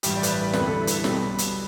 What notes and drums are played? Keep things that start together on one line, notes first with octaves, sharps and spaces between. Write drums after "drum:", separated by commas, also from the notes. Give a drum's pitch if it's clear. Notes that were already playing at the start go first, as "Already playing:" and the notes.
A1 G2 E3 G3 G4, drum: hi-hat
D5
B4, drum: hi-hat
D5
B4
E2 D3 G3 B4, drum: snare
A4
E4
B4, drum: hi-hat
A4
B1 B2 G3 B4, drum: snare
drum: hi-hat